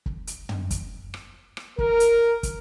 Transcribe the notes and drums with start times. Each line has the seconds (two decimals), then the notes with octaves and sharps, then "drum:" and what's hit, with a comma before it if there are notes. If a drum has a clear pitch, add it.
0.06 drum: kick
0.27 drum: hi-hat
0.49 drum: tom
0.71 drum: kick, hi-hat
1.14 drum: rim click
1.57 drum: rim click
1.78 A#4, drum: kick
2.00 drum: hi-hat
2.43 drum: kick, hi-hat